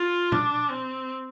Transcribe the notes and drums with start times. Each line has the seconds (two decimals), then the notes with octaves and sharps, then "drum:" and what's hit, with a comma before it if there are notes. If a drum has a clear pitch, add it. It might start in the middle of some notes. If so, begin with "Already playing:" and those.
Already playing: F4
0.32 D4, drum: tom A#2
0.70 C4